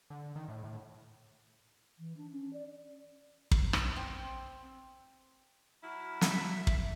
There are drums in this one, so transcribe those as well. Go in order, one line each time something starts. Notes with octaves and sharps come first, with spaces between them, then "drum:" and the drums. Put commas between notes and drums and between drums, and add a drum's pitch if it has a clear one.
D3
D#3
A2
A2
E3
D4
C#4
D5
drum: kick
drum: rim click
C4
F#3 E4 F6
E5, drum: snare
drum: kick